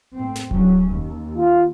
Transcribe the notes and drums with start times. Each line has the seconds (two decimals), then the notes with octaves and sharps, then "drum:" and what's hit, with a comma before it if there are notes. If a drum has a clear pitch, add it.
0.14 A2 C4
0.36 drum: snare
0.51 F#3 C#4, drum: kick D1
0.89 D#2
1.37 F4